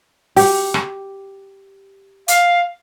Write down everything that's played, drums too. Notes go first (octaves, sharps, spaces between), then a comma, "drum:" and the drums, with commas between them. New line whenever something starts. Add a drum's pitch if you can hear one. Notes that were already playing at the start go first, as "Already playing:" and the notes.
G4, drum: open hi-hat
drum: rim click
F5, drum: hi-hat